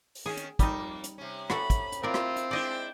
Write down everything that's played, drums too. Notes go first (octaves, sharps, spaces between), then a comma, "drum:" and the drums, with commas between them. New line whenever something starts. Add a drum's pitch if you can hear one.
drum: open hi-hat
D#3 C#4 G#4
drum: hi-hat
F2 G3 A#3 D#4, drum: kick, hi-hat
drum: hi-hat
C3 C#4
F#4 A4 B5, drum: rim click
drum: kick, hi-hat
drum: hi-hat
C4 E4 F4 A#4 D5
drum: rim click
drum: hi-hat
G#3 D4 E4 D5 D#5 G5